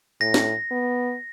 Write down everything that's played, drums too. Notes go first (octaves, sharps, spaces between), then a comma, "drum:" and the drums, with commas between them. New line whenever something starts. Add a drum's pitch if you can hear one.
A2 A#6
drum: snare
B3